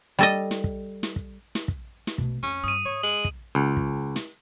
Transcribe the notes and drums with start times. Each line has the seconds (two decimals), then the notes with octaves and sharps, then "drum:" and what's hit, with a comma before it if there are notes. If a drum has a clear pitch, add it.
0.19 G3 A4 D#5
0.51 drum: snare
0.64 drum: kick
1.03 drum: snare
1.16 drum: kick
1.55 drum: snare
1.68 drum: kick
2.07 drum: snare
2.18 B2 A3, drum: kick
2.43 F2 C#4
2.64 G2 D#6 D#7
2.85 G#2 C#5
3.03 G#3 F#7
3.25 drum: kick
3.55 C#2
3.77 drum: kick
4.16 drum: snare